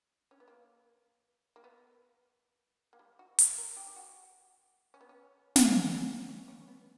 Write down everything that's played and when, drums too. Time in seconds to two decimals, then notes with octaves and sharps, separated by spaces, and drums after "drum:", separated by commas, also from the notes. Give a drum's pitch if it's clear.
0.31 C#4
0.40 B3
0.48 A#3
1.56 A#3
1.64 B3
2.93 A#3
2.99 G3
3.19 F#4
3.39 A#4, drum: hi-hat
3.58 A#4
3.77 G4
3.87 G4
3.96 F#4
4.94 C#4
5.01 B3
5.09 C#4
5.56 drum: snare
6.29 C#4
6.48 C#4
6.68 B3